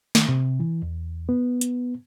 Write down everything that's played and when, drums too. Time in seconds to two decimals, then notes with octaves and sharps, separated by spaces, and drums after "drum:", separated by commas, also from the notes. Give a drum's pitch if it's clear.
0.15 D#3, drum: snare
0.29 C3
0.60 E3
0.82 E2
1.29 B3
1.61 drum: hi-hat